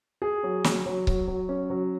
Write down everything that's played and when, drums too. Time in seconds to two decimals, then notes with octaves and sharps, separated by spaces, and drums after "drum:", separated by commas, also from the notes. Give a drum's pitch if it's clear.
0.22 G#4
0.43 F#3
0.64 F#3, drum: snare
0.86 F#3
1.07 F#3, drum: kick C#1
1.28 F#3
1.49 C#4
1.70 F#3